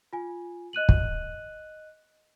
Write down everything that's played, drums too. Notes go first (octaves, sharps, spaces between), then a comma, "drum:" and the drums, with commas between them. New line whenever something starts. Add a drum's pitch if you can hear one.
F4 G#5
D#5 F#6 D#7 F#7
drum: kick